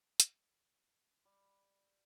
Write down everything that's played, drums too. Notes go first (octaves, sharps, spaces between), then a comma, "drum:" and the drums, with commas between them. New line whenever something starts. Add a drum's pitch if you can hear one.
drum: hi-hat
G3